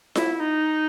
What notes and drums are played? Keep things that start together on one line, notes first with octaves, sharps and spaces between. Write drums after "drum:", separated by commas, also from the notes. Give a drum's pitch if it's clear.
E4, drum: snare F4
D#4